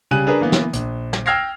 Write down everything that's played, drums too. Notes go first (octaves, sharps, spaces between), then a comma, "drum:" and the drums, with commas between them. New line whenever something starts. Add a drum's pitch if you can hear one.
C#3 G3 G#5 F#6 D#7
D4 G#4 A#4 B4
E3 A#3 B3
drum: snare
A#1, drum: hi-hat
drum: snare
G5 E6 F6 G#6 A#6 C7